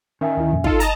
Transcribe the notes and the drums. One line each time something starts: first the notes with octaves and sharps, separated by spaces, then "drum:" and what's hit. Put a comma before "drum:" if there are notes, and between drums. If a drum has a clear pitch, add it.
D#3 C#4 E5 G#5
D2 E4
F2 A#2
D#4 F4 A4, drum: kick
D#5 A5 A#5, drum: hi-hat